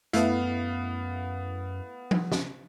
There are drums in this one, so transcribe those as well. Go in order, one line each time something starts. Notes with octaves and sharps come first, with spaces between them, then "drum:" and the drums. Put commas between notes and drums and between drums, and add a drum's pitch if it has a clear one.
F#2 A3 B3 E4 F5, drum: hi-hat
drum: tom F3
drum: snare